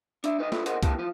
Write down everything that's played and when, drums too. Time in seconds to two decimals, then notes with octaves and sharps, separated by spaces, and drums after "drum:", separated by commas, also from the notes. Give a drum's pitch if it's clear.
0.24 D4 E5, drum: hi-hat
0.39 D#4 B4 C5 D#5
0.52 E4 F4 A4 B4, drum: snare
0.66 F4 G#4 A#4 C5 D#5 F#5, drum: hi-hat
0.83 A#3 E4 G4 B4 F5 A5, drum: kick C2, hi-hat
0.99 E3 F3 F4